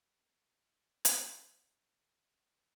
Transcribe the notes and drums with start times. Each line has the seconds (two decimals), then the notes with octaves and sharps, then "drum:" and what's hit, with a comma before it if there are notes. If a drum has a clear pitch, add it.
1.05 drum: hi-hat
1.40 F2
2.37 G#2 G4 G5